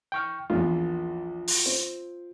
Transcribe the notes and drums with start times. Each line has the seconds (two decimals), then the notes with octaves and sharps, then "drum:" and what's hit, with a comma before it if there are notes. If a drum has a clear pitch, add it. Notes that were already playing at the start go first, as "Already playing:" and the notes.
0.12 G5 C#6 F6
0.50 A#1 E2 F4
1.48 drum: open hi-hat
1.66 C4